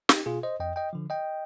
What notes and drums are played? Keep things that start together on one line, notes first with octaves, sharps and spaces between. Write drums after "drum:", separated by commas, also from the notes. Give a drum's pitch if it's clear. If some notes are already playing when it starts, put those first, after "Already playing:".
D#4 G4, drum: snare
B2 F4 G#4
C5 D#5
F2 D#5 G5
D#5 G5
D3 F3
D#5 G5